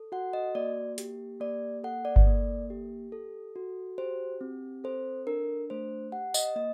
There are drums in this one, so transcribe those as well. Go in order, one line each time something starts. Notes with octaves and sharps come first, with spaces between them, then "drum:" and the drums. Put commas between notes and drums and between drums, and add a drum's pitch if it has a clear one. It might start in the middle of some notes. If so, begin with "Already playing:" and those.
Already playing: A4
F#4 F#5
D#5
A#3 D5
G4, drum: hi-hat
A#3 D5
A4 F#5
D5
drum: kick G1
A#3
G4
A4
F#4
G4 C5
C4
A4 C5
D4 A#4
A3 C5
G4 F#5
D#5, drum: tambourine
A#3 D#5